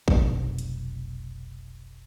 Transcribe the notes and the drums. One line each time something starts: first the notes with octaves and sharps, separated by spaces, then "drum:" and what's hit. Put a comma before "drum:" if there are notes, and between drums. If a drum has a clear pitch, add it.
F1 B1 C3, drum: kick A1
drum: hi-hat